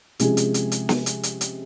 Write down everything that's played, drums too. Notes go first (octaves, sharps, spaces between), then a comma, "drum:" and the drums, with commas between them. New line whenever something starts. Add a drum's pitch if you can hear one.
C3 F3 G#3 C#4 G#4, drum: hi-hat
drum: hi-hat
drum: hi-hat
drum: hi-hat
drum: snare
drum: hi-hat
drum: hi-hat
drum: hi-hat